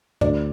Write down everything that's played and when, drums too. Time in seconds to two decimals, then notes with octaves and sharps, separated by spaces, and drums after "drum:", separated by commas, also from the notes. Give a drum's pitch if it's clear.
0.21 D2 D5, drum: tom